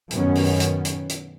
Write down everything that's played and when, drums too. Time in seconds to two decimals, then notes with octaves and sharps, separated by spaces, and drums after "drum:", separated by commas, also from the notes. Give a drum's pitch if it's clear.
0.11 F#2 B2 D#3 B3 C#4, drum: hi-hat
0.35 drum: open hi-hat
0.60 drum: hi-hat
0.85 drum: hi-hat
1.09 drum: hi-hat